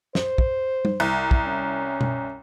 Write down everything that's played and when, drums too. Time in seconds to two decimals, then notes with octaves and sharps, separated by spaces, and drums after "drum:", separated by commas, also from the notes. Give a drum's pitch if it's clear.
0.15 C5, drum: snare
0.38 drum: kick
0.85 drum: tom G3
1.00 C2
1.31 drum: kick
1.46 C#4
2.01 drum: tom B2